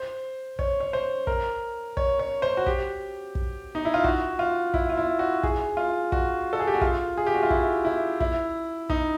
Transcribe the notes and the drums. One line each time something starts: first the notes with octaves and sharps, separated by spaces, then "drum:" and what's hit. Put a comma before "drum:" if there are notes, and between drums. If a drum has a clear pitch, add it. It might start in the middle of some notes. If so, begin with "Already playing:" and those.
Already playing: C5
C#5, drum: kick
C#5
C5
A#4, drum: kick
C#5, drum: kick
C#5
C5
F#4
G4, drum: kick
drum: kick
D#4
E4
F4
F#4, drum: kick
F4
E4, drum: kick
F4
E4
F#4
G#4, drum: kick
F4
F#4, drum: kick
A4
G#4
G4
F#4
F4, drum: kick
G#4
G4
F#4
F4
E4, drum: kick
E4
E4, drum: kick
D#4, drum: kick